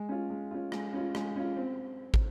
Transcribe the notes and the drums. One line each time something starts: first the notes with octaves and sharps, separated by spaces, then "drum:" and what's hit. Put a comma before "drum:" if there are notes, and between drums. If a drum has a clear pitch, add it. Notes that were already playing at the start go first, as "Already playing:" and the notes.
Already playing: G#3
C#4 F4
G#3
C#4 F4
G#3, drum: rim click
C#4 F4
G#3, drum: rim click
C#4 F4
C4
drum: kick